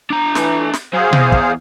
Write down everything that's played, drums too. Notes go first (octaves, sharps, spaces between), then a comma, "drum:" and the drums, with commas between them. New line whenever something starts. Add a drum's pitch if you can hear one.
D4 A#5
E3 A3, drum: snare
drum: snare
F#3 G#4 C5 F5
E2, drum: tom B2
drum: kick